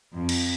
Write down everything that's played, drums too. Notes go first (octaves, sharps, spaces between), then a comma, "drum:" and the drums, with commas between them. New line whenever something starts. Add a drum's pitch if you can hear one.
F2
drum: cymbal